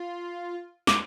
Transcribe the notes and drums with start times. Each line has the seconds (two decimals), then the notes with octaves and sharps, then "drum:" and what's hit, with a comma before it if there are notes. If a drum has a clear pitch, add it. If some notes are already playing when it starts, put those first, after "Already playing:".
Already playing: F4
0.87 D6, drum: snare